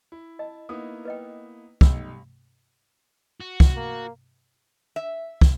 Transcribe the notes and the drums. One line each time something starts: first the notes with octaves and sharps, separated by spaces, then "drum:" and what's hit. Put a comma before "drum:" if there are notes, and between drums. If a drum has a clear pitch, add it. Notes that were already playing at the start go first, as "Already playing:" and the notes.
E4
D#5 A5
A#3 B3 D#4 E4 D#6
B4 D#5 G5
B1 G3 D#4 E6, drum: kick
F#4
drum: kick
A#3
E5
drum: kick